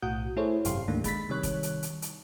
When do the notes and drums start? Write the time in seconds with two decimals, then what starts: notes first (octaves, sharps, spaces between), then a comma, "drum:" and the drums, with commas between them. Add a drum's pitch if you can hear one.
0.02 B1 A2 F#4 F#5 D#6 G6
0.36 A3 E4 G#4 A4 C5 C#5
0.65 G#1 F#2 C3 G4 F5 C6, drum: hi-hat
0.88 D2 G#2 D#3 A3 A#3 D4
1.04 G#3 B5 A6 B6, drum: kick, hi-hat
1.29 C3 D#3 G3 C#5 F#6
1.43 drum: kick, hi-hat
1.63 drum: hi-hat
1.83 drum: hi-hat
2.02 drum: hi-hat